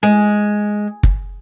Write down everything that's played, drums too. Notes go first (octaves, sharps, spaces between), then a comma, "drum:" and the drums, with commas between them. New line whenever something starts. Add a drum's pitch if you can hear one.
G#3
drum: kick